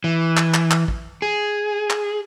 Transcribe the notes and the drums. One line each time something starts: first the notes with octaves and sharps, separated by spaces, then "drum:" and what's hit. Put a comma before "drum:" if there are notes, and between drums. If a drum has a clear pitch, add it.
E3
drum: clap
drum: clap
drum: clap
drum: kick
G#4
drum: clap